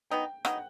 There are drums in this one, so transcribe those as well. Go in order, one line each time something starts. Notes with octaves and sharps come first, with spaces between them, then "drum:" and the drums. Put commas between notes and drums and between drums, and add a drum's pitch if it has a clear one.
F#3 B3 D#4 G5
F#3 B3 D#4 F#5, drum: rim click